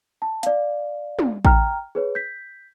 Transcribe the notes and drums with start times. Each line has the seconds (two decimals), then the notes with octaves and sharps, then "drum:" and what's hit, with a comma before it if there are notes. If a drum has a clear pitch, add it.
0.22 A5
0.43 D5 F5, drum: hi-hat
1.19 drum: tom
1.45 G5 A#5 F6, drum: kick A1
1.95 G#4 B4 C#5
2.15 G6 B6